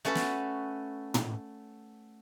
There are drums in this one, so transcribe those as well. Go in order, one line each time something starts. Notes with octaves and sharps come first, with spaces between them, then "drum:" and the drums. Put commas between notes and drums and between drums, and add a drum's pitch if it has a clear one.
A3 C#4 F#4 A4 B4
drum: snare
drum: tom